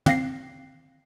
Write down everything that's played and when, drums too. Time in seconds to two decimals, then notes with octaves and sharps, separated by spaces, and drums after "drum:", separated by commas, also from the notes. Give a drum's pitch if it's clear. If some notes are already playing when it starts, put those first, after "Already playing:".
0.06 C4 F5 A#6 C7, drum: tom